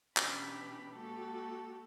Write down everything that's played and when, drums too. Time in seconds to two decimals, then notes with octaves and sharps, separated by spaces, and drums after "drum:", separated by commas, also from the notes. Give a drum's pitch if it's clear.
0.17 B2 E3 C#4 D4 G4 B5, drum: clap
0.95 G#3 A#3 F#4 G4 A4